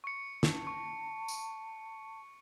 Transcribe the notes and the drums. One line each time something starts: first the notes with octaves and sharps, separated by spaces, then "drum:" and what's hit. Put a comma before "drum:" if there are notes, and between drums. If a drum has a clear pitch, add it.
C#6 C#7
A5, drum: snare
C#6
drum: tambourine